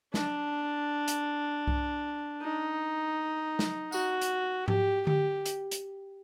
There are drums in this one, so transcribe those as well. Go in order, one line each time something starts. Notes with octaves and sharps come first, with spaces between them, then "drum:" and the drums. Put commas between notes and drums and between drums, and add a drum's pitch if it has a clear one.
D4, drum: snare
drum: hi-hat
drum: kick C2
D#4
drum: snare
F#4, drum: tambourine
drum: hi-hat
G4, drum: tom G#2
G4, drum: tom D3
drum: hi-hat
drum: hi-hat